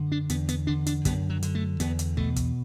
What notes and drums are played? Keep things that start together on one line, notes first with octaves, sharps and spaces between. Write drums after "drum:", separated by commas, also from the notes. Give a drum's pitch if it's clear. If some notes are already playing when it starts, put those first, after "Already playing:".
Already playing: F#2 D3
D4
E2 B3, drum: hi-hat
B3, drum: hi-hat
D3 D4
D4, drum: hi-hat
F#2 B3, drum: kick, hi-hat
F#3
D3, drum: hi-hat
A3
E2 B3, drum: hi-hat
drum: hi-hat
B2 A3, drum: kick
drum: kick, hi-hat